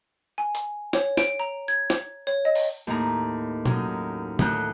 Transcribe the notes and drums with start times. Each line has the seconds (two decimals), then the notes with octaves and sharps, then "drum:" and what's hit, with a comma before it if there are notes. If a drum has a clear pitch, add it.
0.38 G#5
0.55 drum: hi-hat
0.93 C#5, drum: snare
1.17 D7, drum: snare
1.40 A#5
1.68 G#6
1.90 drum: snare
2.27 C#5
2.45 D#5
2.55 drum: open hi-hat
2.87 D#2 A2 A#5
3.66 F#2 D#4, drum: tom
4.39 D2 A2 D#3 F#6 G6, drum: tom